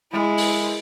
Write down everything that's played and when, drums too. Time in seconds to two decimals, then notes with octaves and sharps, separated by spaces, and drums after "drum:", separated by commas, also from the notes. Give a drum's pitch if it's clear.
0.12 G#3 E4
0.38 drum: open hi-hat